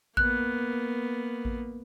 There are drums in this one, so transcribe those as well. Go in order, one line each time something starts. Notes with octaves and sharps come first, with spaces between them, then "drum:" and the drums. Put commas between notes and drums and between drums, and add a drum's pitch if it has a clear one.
A#3 B3 F#6, drum: kick A1
drum: kick A1